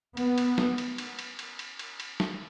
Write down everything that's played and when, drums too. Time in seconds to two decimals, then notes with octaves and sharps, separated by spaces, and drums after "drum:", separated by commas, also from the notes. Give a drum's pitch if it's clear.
0.17 B3, drum: cymbal
0.38 drum: cymbal
0.58 drum: snare
0.78 drum: cymbal
0.98 drum: cymbal
1.19 drum: cymbal
1.39 drum: cymbal
1.59 drum: cymbal
1.79 drum: cymbal
2.00 drum: cymbal
2.20 drum: snare